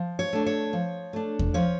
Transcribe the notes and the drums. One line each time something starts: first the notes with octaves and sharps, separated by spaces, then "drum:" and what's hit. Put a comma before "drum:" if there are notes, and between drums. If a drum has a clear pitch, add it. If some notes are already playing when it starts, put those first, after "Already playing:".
Already playing: F3
C#5
A3 D4
C#5
F3
A3 D4
drum: kick E2
F3 C#5